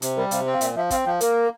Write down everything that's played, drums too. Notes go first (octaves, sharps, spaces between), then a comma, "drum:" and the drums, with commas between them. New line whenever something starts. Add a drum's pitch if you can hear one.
C3, drum: hi-hat
G3 A#4
C3 F5, drum: hi-hat
C4
F5
A#2 E5, drum: hi-hat
F3 E5
C4 F5, drum: kick, hi-hat
F3 G5
A#3 A#4, drum: hi-hat